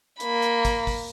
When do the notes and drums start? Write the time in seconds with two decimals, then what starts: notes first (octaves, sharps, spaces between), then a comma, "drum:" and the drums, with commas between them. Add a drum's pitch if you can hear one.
0.20 A#3 B5, drum: hi-hat
0.42 drum: hi-hat
0.65 drum: kick, hi-hat
0.87 drum: kick, open hi-hat